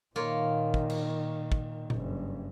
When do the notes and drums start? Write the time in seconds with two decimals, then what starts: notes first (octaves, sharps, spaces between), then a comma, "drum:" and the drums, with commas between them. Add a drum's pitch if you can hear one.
0.16 A#2 D#3 A#3 F4 C#5
0.74 drum: kick
0.90 drum: cymbal
1.52 drum: kick
1.90 F#1 G2, drum: tom A#2